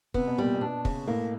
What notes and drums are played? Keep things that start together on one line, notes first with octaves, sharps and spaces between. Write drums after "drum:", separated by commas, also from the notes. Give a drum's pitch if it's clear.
C3 B3, drum: kick
B2
A#2 G3
B2
D4
C#3, drum: kick
A2 A#3